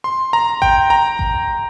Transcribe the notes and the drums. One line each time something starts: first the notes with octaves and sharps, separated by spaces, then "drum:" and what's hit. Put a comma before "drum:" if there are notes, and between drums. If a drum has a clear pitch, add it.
C6
A#5
G5, drum: kick G#1
A#5
drum: kick G#1